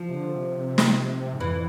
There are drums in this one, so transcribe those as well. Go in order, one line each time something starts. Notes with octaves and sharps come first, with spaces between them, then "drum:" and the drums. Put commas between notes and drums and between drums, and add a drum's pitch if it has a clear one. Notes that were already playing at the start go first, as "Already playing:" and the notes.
Already playing: F3
C3
D3
C3
drum: snare
G#2
F2 E3